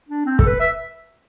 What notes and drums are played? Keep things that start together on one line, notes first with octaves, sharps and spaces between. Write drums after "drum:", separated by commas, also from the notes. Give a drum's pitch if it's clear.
D4
C4
A4, drum: kick
B4
E5